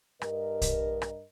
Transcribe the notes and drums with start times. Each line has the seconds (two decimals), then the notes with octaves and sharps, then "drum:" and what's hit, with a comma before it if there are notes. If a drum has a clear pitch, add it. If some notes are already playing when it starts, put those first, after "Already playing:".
0.22 G2 A#4 D#5, drum: rim click
0.62 drum: kick, hi-hat
1.02 drum: rim click